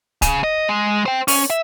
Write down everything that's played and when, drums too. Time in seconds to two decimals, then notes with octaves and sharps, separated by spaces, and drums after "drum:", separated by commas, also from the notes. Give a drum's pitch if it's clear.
0.22 C#3, drum: kick C#1, hi-hat
0.44 D#5
0.69 G#3
1.06 C5 G5
1.28 C#4, drum: open hi-hat
1.50 E5